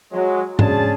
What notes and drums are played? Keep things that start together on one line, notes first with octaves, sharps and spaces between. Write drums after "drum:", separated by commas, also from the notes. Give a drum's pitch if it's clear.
F#3 G#3
C#3 G#3 C#4 D4 G#4 A5, drum: tom G#2